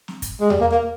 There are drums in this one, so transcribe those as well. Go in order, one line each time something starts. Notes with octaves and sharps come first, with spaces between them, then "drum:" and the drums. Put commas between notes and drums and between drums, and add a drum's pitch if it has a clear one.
drum: snare
drum: kick, hi-hat
G#3
G3, drum: tom E2
A#3
A#3